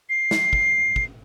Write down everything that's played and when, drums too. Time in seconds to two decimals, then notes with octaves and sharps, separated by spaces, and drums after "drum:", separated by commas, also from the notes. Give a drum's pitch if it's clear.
0.10 C7
0.31 drum: snare
0.53 drum: kick
0.96 drum: kick